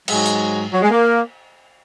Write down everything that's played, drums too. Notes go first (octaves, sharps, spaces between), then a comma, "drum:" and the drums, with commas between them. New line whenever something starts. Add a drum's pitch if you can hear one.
G#2 F#3 G#3, drum: cymbal
drum: hi-hat
F#3
G#3
A#3